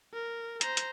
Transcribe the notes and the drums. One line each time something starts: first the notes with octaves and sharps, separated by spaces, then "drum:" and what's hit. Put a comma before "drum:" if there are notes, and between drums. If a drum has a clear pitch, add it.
A#4
C5 A#5, drum: hi-hat
drum: hi-hat